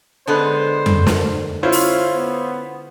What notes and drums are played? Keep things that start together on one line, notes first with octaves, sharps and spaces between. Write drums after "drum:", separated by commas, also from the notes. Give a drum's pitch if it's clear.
D3 G#3 B3 C5
drum: tom F2
drum: snare
C#4 E4 F4 C5
drum: open hi-hat
B3